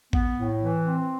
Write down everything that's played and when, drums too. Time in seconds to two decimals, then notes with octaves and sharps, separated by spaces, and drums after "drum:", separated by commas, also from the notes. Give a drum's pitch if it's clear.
0.13 B3, drum: kick
0.38 A2
0.62 E3
0.86 C4